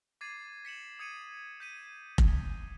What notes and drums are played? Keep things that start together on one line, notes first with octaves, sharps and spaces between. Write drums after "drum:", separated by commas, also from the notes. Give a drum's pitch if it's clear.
D6 G#6 A6 C7 D#7
B6 C#7 E7 F#7
D#6 G#6 C#7 D#7
G6 B6 D#7
drum: kick F1